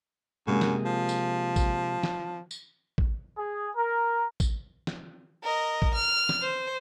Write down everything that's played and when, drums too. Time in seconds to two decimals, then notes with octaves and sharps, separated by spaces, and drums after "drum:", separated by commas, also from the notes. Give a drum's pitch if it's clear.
0.47 F#2 C3 G#3 A#3
0.62 drum: snare
0.85 F3
1.09 drum: tambourine
1.56 drum: kick, tambourine
2.03 drum: snare
2.51 drum: tambourine
2.98 drum: kick
3.37 G#4
3.76 A#4
4.40 drum: kick, tambourine
4.87 drum: snare
5.43 A#4 D#5
5.82 drum: kick
5.94 F6
6.29 drum: snare
6.41 C5